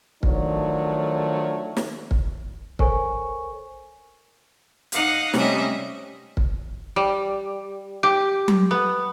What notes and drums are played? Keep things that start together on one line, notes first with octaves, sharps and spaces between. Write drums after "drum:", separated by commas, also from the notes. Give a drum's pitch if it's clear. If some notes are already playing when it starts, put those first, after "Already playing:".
D#3 F3 F#3 A3 D4, drum: kick
drum: snare
drum: kick
A4 A#4 C5 C#5 G#5 C#6, drum: kick
D#4 D#5 F5 F#5, drum: hi-hat
C3 G3 A3 C#4 D#5 E5, drum: snare
drum: kick
G3
G4
drum: tom F#3
B3